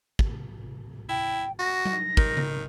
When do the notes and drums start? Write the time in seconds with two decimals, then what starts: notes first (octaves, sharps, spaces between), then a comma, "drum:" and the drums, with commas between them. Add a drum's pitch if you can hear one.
0.19 drum: kick
1.09 E4 G5
1.59 F#4 A#6
1.85 drum: tom F#3
2.17 D#3, drum: kick
2.37 drum: tom C#3